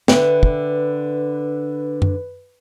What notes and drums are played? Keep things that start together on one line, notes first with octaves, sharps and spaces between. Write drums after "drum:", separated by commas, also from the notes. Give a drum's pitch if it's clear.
D3 B4 E5 G5, drum: snare
drum: kick
drum: tom F#2